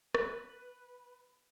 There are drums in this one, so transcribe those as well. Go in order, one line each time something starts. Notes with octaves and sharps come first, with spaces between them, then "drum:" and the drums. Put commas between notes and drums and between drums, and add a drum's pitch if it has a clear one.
B4, drum: rim click